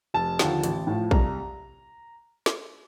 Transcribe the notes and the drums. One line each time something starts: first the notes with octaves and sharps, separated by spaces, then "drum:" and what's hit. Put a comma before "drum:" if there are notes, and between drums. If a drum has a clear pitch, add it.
F1 A5
D#2 D3 F3, drum: snare
A1, drum: hi-hat
A2 F3
C2 A#5, drum: kick
drum: snare